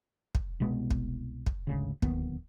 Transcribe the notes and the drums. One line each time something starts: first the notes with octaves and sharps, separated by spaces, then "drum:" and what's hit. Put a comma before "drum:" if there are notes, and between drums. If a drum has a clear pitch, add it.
drum: kick
C2 B2 G#3 B3
drum: kick
drum: kick
G#1 D2 C#3
D1 D#2 D#3 B3, drum: kick